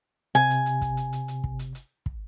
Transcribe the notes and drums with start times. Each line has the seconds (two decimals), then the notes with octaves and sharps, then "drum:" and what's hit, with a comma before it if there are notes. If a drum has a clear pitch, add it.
0.35 C3 G#5
0.50 drum: hi-hat
0.66 drum: hi-hat
0.82 drum: kick, hi-hat
0.97 drum: hi-hat
1.13 drum: hi-hat
1.28 drum: hi-hat
1.44 drum: kick
1.59 drum: hi-hat
1.75 drum: hi-hat
2.06 drum: kick